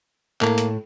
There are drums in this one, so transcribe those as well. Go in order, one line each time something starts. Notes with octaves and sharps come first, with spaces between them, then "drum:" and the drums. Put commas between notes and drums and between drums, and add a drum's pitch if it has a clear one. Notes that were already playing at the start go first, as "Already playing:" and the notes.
A2 A#3, drum: clap
drum: hi-hat